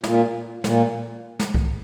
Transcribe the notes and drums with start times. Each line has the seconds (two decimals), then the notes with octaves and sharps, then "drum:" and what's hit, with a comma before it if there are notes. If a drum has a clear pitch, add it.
0.04 A#2, drum: snare
0.64 A#2, drum: snare
1.39 drum: snare
1.54 drum: kick C2